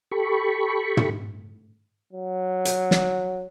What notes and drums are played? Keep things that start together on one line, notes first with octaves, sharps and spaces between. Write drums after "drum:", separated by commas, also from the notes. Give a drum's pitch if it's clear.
G4 A4 B5 C#6
drum: tom
F#3
drum: hi-hat
drum: snare